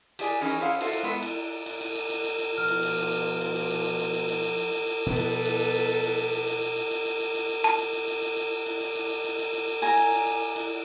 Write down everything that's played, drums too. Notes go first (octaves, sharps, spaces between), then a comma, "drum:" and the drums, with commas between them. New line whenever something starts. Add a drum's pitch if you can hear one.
G4 G#4 D5 G#5, drum: cymbal
E3 F#3 C#4 D#4 G#4
C#4 E4 G#4 C5 F5 F#5
F4 F#4 A4 C5 E5 F5, drum: cymbal
drum: cymbal
G#3 B3 A4 B4 E5
drum: cymbal
drum: cymbal
drum: cymbal
drum: cymbal
drum: cymbal
drum: cymbal
drum: cymbal
B2 F3 F6
drum: cymbal
drum: cymbal
drum: cymbal
drum: cymbal
drum: cymbal
drum: cymbal
drum: cymbal
drum: cymbal
drum: cymbal
drum: cymbal
drum: cymbal
drum: cymbal
drum: cymbal
drum: cymbal
drum: cymbal
B2 F3 B3 A4 B4
drum: cymbal
drum: cymbal
drum: cymbal
drum: cymbal
drum: cymbal
drum: cymbal
drum: cymbal
drum: cymbal
drum: cymbal
drum: cymbal
drum: cymbal
drum: cymbal
drum: cymbal
drum: cymbal
drum: cymbal
drum: cymbal
drum: cymbal
A5, drum: cymbal
drum: cymbal
drum: cymbal
drum: cymbal
drum: cymbal
drum: cymbal
drum: cymbal
drum: cymbal
drum: cymbal
drum: cymbal
drum: cymbal
drum: cymbal
drum: cymbal
drum: cymbal
G#5 A#5, drum: cymbal
drum: cymbal
drum: cymbal
drum: cymbal
drum: cymbal